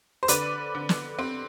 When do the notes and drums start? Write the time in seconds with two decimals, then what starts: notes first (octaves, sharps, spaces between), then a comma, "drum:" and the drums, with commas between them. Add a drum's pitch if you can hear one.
0.23 C5
0.28 D3 B4 D5, drum: hi-hat
0.75 D3
0.89 drum: snare
1.19 C4